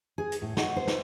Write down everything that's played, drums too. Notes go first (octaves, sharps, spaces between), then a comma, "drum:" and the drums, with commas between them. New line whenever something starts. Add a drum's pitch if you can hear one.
G#4
drum: hi-hat
A2
F#3, drum: snare
C5
drum: snare